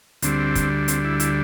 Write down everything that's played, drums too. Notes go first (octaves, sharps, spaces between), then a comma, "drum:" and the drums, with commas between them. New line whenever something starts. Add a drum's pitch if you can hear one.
D2 D3 G3 C4, drum: hi-hat
drum: kick, hi-hat
C4, drum: hi-hat
E4
E4, drum: hi-hat